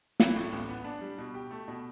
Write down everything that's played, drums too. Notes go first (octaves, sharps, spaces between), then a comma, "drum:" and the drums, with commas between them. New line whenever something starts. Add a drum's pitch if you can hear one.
E3, drum: snare
A2
A1
B3
D4
G3
B2
G4
A3
B2